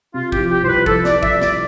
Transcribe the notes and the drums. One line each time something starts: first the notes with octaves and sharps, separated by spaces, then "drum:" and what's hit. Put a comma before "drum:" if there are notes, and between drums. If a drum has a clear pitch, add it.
C3 F4
G4, drum: kick
F3
G4
C2 C5
B4
F3 A4, drum: kick
D5, drum: snare
F3
E5, drum: kick
C2
D5, drum: snare